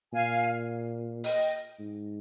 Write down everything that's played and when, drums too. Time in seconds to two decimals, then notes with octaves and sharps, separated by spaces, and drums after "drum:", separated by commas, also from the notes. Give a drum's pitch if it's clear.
0.13 A#2 F5 G#5
1.24 D#5 G5, drum: open hi-hat
1.79 G#2